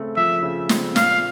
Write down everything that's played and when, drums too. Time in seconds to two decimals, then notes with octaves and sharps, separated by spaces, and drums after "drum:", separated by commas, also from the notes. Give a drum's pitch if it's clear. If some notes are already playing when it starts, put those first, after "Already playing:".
Already playing: C#3 A3 C4
0.16 F3 E5
0.43 C#3
0.69 C4, drum: snare
0.96 A#2 F5, drum: snare